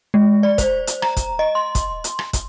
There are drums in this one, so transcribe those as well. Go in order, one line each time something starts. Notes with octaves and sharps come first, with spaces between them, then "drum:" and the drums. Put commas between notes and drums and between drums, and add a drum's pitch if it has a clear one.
G#3
D5
C5, drum: kick, hi-hat
drum: hi-hat
A#5, drum: rim click
drum: kick, hi-hat
D#5
C6
drum: kick, hi-hat
drum: hi-hat
drum: rim click
drum: kick, hi-hat